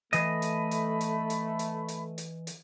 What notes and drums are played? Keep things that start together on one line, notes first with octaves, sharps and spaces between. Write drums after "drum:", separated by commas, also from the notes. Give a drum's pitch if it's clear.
E3 A3 D#5 B5, drum: hi-hat
drum: hi-hat
drum: hi-hat
drum: hi-hat
drum: hi-hat
drum: hi-hat
drum: hi-hat
drum: hi-hat
drum: hi-hat